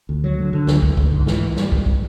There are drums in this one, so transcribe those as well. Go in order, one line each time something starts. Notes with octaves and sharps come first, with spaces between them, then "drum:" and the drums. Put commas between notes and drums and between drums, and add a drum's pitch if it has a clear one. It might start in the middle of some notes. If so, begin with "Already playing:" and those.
D2
F#3
D3
D3
D2, drum: snare
D2, drum: kick
D2, drum: kick
G#2
E3, drum: snare
G#2
G3, drum: snare
G#2, drum: kick
drum: kick